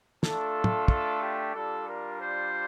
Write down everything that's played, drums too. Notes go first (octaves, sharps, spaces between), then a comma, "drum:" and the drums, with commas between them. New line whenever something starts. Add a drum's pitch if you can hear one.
A3 D4 F4 A4, drum: snare
drum: tom
A4, drum: kick
G4
G3 D4 F4 A4
A#4
C5